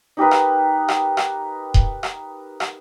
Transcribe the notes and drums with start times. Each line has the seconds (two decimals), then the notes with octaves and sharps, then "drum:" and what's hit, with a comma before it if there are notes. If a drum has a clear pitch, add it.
0.17 D#4 G4 A#4 B4
0.31 drum: rim click
0.88 drum: rim click
1.17 drum: rim click
1.74 drum: kick D#1
2.03 drum: rim click
2.60 drum: rim click